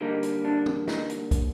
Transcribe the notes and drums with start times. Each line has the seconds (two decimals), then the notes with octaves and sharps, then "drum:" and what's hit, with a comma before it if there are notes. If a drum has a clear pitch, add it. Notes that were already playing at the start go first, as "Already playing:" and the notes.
0.01 D3 G3 A#3 D#4
0.23 drum: hi-hat
0.45 D4
0.66 drum: tom
0.88 D#4, drum: snare
1.10 drum: hi-hat
1.31 drum: kick, hi-hat